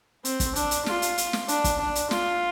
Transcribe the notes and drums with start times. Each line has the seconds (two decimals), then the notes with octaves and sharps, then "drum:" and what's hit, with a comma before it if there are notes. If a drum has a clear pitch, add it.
0.25 C4, drum: hi-hat
0.40 drum: kick, hi-hat
0.56 D4, drum: hi-hat
0.71 drum: hi-hat
0.86 F4, drum: snare
1.02 drum: hi-hat
1.18 drum: hi-hat
1.33 drum: snare
1.48 D4, drum: hi-hat
1.64 drum: kick, hi-hat
1.80 D4
1.95 drum: hi-hat
2.11 F4, drum: snare